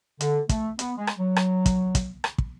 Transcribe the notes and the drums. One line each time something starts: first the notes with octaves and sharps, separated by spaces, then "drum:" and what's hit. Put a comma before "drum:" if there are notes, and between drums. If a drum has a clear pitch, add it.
D3, drum: hi-hat
A3, drum: kick, hi-hat
B3, drum: hi-hat
G#3
drum: rim click
F#3
drum: rim click
drum: kick, hi-hat
drum: kick, hi-hat
drum: rim click
drum: kick